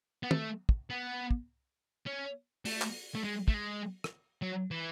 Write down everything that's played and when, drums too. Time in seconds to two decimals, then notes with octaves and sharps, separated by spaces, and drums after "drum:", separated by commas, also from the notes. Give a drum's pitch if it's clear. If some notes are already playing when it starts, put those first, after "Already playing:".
0.23 B3
0.31 A3, drum: tom
0.69 drum: kick
0.90 B3
1.31 drum: kick
2.07 C#4
2.65 A3, drum: open hi-hat
2.82 drum: clap
3.15 A3
3.24 G#3
3.48 A3, drum: kick
3.54 G#3
4.04 drum: rim click
4.42 F#3
4.71 E3